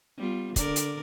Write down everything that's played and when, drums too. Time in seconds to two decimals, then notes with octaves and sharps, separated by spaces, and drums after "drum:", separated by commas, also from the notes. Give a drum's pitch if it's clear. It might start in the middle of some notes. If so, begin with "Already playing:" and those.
0.17 G3 B3 F4
0.56 D3 A#4 D5, drum: kick, hi-hat
0.76 drum: hi-hat